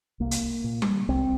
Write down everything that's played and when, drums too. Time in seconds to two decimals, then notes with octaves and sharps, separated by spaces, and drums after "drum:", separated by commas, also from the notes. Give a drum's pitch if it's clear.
0.20 C2 A#3
0.31 drum: hi-hat
0.64 A#2
0.82 drum: tom G3
1.09 C2 C4